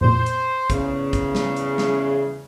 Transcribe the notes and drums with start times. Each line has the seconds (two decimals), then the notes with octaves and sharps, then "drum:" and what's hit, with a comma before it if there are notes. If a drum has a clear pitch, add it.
0.01 F2 A#2 C5
0.26 drum: hi-hat
0.70 E2 C#3, drum: kick, hi-hat
1.13 drum: kick, hi-hat
1.35 drum: snare
1.56 drum: hi-hat
1.78 drum: snare